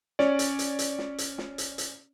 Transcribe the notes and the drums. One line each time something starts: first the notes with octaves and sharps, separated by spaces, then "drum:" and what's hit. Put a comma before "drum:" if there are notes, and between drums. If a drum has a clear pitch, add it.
C#4 C#5 D5, drum: snare
drum: hi-hat
drum: hi-hat
drum: hi-hat
drum: snare
drum: hi-hat
drum: snare
drum: hi-hat
drum: hi-hat